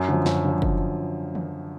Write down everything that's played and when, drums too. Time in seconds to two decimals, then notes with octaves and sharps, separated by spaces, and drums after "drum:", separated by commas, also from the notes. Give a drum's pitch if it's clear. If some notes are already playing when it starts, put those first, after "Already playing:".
Already playing: F#2
0.08 D3 F3
0.26 F#2, drum: snare
0.45 D3 F3
0.62 F#2, drum: kick
1.35 drum: tom D#3